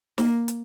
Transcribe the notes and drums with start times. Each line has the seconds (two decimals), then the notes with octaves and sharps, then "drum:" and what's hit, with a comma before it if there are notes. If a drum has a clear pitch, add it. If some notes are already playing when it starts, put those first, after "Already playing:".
0.18 A#3, drum: snare
0.48 drum: hi-hat